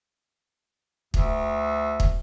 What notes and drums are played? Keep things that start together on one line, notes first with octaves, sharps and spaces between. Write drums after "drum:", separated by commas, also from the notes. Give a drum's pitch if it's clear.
D2, drum: kick
drum: kick